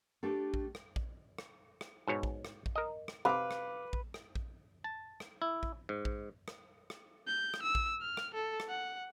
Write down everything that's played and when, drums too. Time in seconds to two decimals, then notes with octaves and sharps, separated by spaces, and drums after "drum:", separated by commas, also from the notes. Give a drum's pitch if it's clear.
0.23 A3 D4 G4 A4
0.54 drum: kick A#1
0.75 drum: rim click
0.96 drum: kick A#1
1.38 drum: rim click
1.81 drum: rim click
2.08 G#2 B2 C#5
2.23 drum: kick A#1
2.45 drum: rim click
2.66 drum: kick A#1
2.76 A#4 D#5
3.08 drum: rim click
3.25 C3 B4 F5 D6
3.51 drum: rim click
3.93 drum: kick A#1
4.14 drum: rim click
4.35 drum: kick A#1
4.84 A5
5.20 drum: rim click
5.42 E4
5.63 drum: kick A#1
5.89 G#2
6.05 drum: kick A#1
6.48 drum: rim click
6.90 drum: rim click
7.27 G6
7.54 drum: rim click
7.63 E6
7.75 drum: kick A#1
8.02 F6
8.17 drum: rim click
8.34 A4
8.60 drum: rim click
8.69 F#5